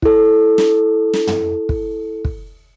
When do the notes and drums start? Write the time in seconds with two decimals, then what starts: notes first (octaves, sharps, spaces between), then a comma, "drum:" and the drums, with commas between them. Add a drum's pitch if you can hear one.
0.02 E4 A4, drum: kick
0.58 drum: snare
1.13 drum: snare
1.27 drum: tom
1.69 drum: kick
2.25 drum: kick